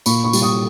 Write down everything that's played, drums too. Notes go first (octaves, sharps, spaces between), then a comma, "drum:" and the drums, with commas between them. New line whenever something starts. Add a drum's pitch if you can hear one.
A#2 B5 C#6, drum: tambourine
B5 C#6
G3, drum: tambourine
C#6 D#6